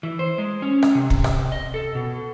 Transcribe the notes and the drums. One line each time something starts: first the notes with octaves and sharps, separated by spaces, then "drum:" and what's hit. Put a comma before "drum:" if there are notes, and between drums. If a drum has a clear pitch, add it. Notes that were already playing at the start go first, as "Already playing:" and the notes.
E3
C5
G#3
C#4
drum: rim click
C3
drum: kick
drum: rim click
D#5
A4
B2